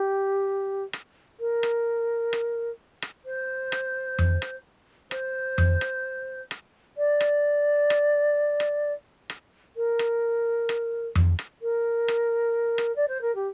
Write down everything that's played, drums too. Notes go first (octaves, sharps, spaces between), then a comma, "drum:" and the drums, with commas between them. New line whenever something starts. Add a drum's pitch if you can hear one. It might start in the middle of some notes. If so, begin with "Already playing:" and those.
Already playing: G4
drum: rim click
A#4
drum: rim click
drum: rim click
drum: rim click
C5
drum: rim click
drum: tom F2
drum: rim click
C5, drum: rim click
drum: tom F2
drum: rim click
drum: rim click
D5
drum: rim click
drum: rim click
drum: rim click
drum: rim click
A#4
drum: rim click
drum: rim click
drum: tom F2
drum: rim click
A#4
drum: rim click
drum: rim click
D5
C5
A#4
G4